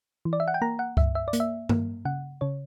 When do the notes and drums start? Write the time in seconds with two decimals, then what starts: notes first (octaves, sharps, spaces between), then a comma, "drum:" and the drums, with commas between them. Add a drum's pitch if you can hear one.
0.25 E3
0.33 D5
0.40 E5
0.48 F#5
0.54 G5
0.61 A#3 A#5
0.79 F#5
0.97 G2 E5, drum: kick C#2
1.15 E5
1.28 D5
1.33 A#3, drum: hi-hat
1.40 E5
1.69 A#3, drum: tom G2
2.05 C#3 F#5
2.41 C#3 C#5